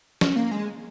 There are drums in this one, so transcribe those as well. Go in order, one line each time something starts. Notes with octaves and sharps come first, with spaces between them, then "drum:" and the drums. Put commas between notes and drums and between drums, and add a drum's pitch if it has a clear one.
C#4, drum: snare
A#3
G#3